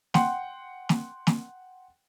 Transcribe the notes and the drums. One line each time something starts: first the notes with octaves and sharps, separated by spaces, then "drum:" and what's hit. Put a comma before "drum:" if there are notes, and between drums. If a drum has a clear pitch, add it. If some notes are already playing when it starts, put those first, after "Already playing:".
F#5 G5 C6, drum: snare
drum: snare
drum: snare